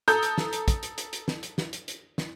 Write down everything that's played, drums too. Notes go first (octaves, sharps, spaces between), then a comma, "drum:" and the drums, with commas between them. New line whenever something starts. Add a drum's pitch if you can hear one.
A4 A#5 D#6 G6, drum: hi-hat
drum: hi-hat
drum: snare
drum: hi-hat
drum: kick, hi-hat
drum: hi-hat
drum: hi-hat
drum: hi-hat
drum: snare
drum: hi-hat
drum: snare
drum: hi-hat
drum: hi-hat
drum: snare